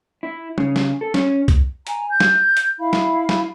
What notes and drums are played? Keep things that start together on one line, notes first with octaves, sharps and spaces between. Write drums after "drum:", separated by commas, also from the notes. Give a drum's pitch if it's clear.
E4
C#3, drum: tom G3
drum: snare
A4
C#4, drum: snare
drum: kick C2, hi-hat
G#5 A#5, drum: hi-hat
G6
drum: snare
drum: hi-hat
E4 F5 B5
drum: snare
drum: snare